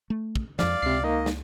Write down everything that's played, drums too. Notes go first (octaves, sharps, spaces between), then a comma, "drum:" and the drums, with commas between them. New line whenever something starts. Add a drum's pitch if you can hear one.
A3
drum: kick
F2 F3 D5 F5, drum: snare
C#2 C3 C7
A#3 D#4 D#5
drum: snare